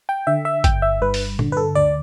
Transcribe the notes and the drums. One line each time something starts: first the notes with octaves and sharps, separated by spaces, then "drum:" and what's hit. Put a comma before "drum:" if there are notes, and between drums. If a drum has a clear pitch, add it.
G5
D3 E5
E5
G1 G5, drum: kick G#1, hi-hat
E5
G2 B4
drum: open hi-hat
D3, drum: tom A#2
B4
A4
D2 D5